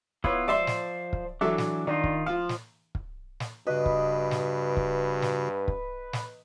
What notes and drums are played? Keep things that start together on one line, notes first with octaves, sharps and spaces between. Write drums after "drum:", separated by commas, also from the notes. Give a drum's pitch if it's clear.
B3 E4 F4 B4 C#5, drum: kick
F3 C5 D5 E5 C6
drum: snare
drum: kick
E3 F#3 D4 A4 E5
drum: snare
D#3 D4 D#4 F4
drum: kick
F3 F4 F5
drum: snare
drum: kick
drum: snare
G2 C#3 F#4 B4 D#5
drum: kick
drum: snare
drum: kick
drum: snare
drum: kick
drum: snare